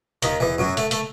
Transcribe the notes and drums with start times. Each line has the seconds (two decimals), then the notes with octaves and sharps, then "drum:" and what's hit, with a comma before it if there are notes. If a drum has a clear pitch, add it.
0.22 D#2 D#3, drum: hi-hat
0.40 E2 E3
0.58 F#2 F#3
0.77 A3, drum: hi-hat
0.91 A3, drum: hi-hat